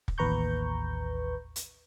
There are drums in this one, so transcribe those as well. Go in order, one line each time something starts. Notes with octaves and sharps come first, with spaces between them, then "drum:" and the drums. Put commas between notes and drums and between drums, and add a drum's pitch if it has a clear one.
drum: kick
A1 D#2 B4 A#5 C#6 G6
drum: hi-hat